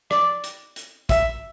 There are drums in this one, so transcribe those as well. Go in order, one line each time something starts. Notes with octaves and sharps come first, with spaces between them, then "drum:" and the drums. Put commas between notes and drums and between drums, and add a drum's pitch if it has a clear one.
D5, drum: rim click
drum: hi-hat
drum: hi-hat
E5, drum: kick, hi-hat